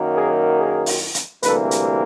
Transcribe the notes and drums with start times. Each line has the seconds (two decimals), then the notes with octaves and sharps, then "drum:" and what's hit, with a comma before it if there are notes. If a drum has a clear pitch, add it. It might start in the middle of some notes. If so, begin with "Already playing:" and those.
Already playing: F#2 D#3 F#3 A#3
0.15 G#4 A#4
0.59 G#4 A#4
0.86 drum: open hi-hat
1.15 drum: hi-hat
1.43 D2 C3 E3 G3 A#3 A4 B4, drum: hi-hat
1.71 drum: hi-hat